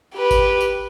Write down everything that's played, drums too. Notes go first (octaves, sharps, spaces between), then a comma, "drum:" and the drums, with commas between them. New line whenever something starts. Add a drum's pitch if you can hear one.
G4 B4
drum: kick G#1, tambourine
drum: tambourine